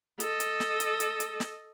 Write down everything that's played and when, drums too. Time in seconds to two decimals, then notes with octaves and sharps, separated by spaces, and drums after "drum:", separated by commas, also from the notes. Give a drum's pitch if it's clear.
0.20 A4 D#5, drum: hi-hat
0.40 drum: hi-hat
0.60 drum: snare
0.80 drum: hi-hat
1.00 drum: hi-hat
1.20 drum: hi-hat
1.40 drum: snare